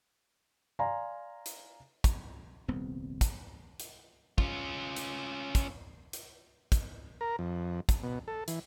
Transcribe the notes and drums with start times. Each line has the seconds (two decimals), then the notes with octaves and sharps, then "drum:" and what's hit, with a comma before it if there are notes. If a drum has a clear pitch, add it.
0.79 D5 F5 G#5 A#5 C6
1.46 drum: hi-hat
2.04 drum: kick, hi-hat
2.68 D#1 C2 B3 C4
3.21 drum: kick, hi-hat
3.80 drum: hi-hat
4.38 C#4 F4, drum: kick
4.96 drum: hi-hat
5.55 drum: kick, hi-hat
6.13 drum: hi-hat
6.72 drum: kick, hi-hat
7.21 A#4
7.39 F2
7.89 drum: kick, hi-hat
8.03 B2
8.28 A4
8.48 E3, drum: hi-hat